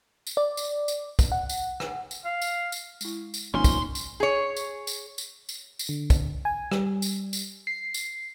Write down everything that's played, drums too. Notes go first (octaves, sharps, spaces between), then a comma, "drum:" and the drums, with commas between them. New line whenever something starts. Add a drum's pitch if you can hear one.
drum: tambourine
D5
drum: tambourine
drum: tambourine
drum: kick, tambourine
F#5
drum: tambourine
drum: rim click
drum: tambourine
F5
drum: tambourine
drum: tambourine
G#3 E4, drum: tambourine
drum: tambourine
G1 F2 F3 A#3 C#4 D#4 G#5 C6
drum: kick, tambourine
drum: tambourine
G#4 C#5
drum: tambourine
drum: tambourine
drum: tambourine
drum: tambourine
drum: tambourine
D3
drum: kick, tambourine
G#5
G3, drum: rim click
drum: tambourine
drum: tambourine
C7
drum: tambourine